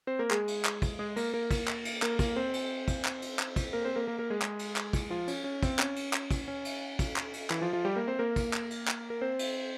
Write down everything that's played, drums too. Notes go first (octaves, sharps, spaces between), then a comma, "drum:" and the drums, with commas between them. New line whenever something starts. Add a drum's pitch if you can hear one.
C4 C5
A#3 A#4
G#3 G#4, drum: clap
drum: cymbal
drum: clap
drum: kick, cymbal
G#3 G#4
A#3 A#4, drum: cymbal
A#3 A#4
drum: kick, cymbal
drum: clap
drum: cymbal
A#3 A#4, drum: clap
A#3 A#4, drum: kick, cymbal
C4 C5
drum: cymbal
drum: kick, cymbal
drum: clap
drum: cymbal
drum: clap
drum: kick, cymbal
A#3 A#4
C4 C5
A#3 A#4
A#3 A#4
A#3 A#4
G#3 G#4
G#3 G#4, drum: clap
drum: cymbal
drum: clap
drum: kick, cymbal
F3 F4
C#4, drum: cymbal
C#4
C4, drum: kick, cymbal
C#4, drum: clap
drum: cymbal
drum: clap
drum: kick, cymbal
C#4
drum: cymbal
drum: kick, cymbal
drum: clap
drum: cymbal
E3 E4, drum: clap
F3 F4
F3 F4
G3 G4
A#3 A#4
C4 C5
A#3 A#4
drum: kick, cymbal
drum: clap
drum: cymbal
drum: clap
A#4
C4 C5
drum: cymbal